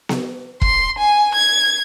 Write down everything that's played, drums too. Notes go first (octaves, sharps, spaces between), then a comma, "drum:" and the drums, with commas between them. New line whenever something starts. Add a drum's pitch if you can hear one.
drum: snare B3
C6, drum: kick
G#5
G#6